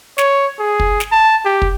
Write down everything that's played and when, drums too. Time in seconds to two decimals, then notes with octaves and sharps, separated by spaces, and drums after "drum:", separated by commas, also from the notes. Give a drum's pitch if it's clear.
0.18 C#5, drum: snare
0.59 G#4
0.80 drum: kick
1.00 drum: snare
1.12 A5
1.45 G4
1.62 drum: kick